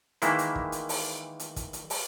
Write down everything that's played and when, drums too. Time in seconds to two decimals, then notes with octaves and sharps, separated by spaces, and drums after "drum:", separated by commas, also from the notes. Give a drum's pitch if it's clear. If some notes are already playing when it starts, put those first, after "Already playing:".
0.22 D#3 E3 G#3 A#3 E4, drum: hi-hat
0.39 drum: hi-hat
0.55 drum: kick
0.72 drum: hi-hat
0.89 drum: open hi-hat
1.40 drum: hi-hat
1.56 drum: kick, hi-hat
1.73 drum: hi-hat
1.90 drum: open hi-hat